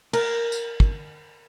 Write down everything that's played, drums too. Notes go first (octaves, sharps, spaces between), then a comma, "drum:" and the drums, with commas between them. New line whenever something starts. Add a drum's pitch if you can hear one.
A#4, drum: cymbal
drum: tambourine
drum: kick